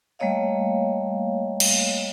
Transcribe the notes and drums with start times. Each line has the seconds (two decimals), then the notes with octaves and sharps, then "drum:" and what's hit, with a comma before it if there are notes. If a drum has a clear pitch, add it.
0.19 G3 A3 A#3 C#5 D#5 F5
1.60 drum: cymbal